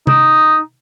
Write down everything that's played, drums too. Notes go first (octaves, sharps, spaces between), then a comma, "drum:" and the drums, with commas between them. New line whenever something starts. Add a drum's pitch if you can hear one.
D#4, drum: tom C3